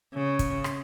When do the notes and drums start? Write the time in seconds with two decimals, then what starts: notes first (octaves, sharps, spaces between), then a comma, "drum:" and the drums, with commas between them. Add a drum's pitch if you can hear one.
0.14 C#3
0.39 drum: kick, hi-hat
0.64 drum: rim click